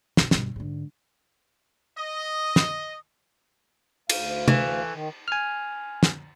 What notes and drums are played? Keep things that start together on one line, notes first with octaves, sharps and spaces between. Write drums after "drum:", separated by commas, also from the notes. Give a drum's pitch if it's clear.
F2 B2, drum: snare
G2 B2, drum: snare
G#2 D3
D#5
drum: snare
D2 F5, drum: cymbal
E3 A3, drum: tom C3
D#3
G#5 F6
drum: snare